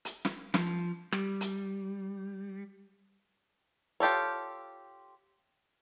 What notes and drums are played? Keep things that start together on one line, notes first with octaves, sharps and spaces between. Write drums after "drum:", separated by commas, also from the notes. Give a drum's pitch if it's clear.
drum: hi-hat
drum: snare
F3, drum: snare
G3, drum: rim click
drum: hi-hat
F4 G4 A4 C#5